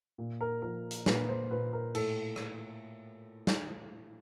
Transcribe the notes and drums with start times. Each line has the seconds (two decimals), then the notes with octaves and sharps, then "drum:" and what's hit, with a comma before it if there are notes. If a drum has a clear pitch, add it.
0.18 A#2
0.41 A#4
0.62 F3 A#4
0.91 drum: hi-hat
1.06 A#2 B4, drum: snare
1.29 C5
1.51 A#2 B4
1.73 A#4
1.95 A2 A4, drum: cymbal
2.36 drum: rim click
3.47 drum: snare